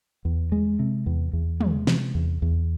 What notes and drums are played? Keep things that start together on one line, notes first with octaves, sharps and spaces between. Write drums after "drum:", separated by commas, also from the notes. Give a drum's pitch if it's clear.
E2
G#3
C3
E2
E2
G#3, drum: tom
C3, drum: snare
E2
E2